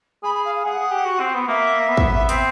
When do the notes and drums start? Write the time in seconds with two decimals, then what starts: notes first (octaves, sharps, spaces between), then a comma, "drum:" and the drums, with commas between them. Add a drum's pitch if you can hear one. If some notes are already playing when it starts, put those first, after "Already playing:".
0.23 G#4 B5
0.34 B5
0.44 F5
0.55 F5
0.65 G#4 F#5
0.79 G#4
0.92 G4
1.05 F#4
1.20 C4
1.34 B3
1.47 A#3 E5
1.80 A#3
1.88 B3
1.97 drum: kick
2.29 C4, drum: hi-hat